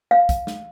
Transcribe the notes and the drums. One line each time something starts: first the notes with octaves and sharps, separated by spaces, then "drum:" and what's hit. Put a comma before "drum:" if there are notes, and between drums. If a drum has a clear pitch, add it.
F5
drum: kick, hi-hat
drum: snare